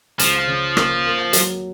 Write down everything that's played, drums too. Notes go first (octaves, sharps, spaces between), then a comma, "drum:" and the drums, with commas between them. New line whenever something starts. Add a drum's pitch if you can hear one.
C#2 F3, drum: hi-hat
C#3
A#3, drum: rim click
A#3
F#3, drum: hi-hat